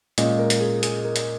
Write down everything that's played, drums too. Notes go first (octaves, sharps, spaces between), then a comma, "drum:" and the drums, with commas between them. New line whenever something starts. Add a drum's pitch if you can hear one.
A#2 G#3 C#4 D#5, drum: hi-hat
A#4
drum: hi-hat
G#4
G#4, drum: hi-hat
A#4
drum: hi-hat